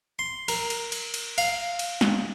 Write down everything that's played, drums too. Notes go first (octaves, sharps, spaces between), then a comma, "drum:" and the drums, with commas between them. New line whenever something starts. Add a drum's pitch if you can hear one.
C6
A#4, drum: cymbal
drum: cymbal
drum: cymbal
drum: cymbal
F5, drum: cymbal
drum: cymbal
drum: snare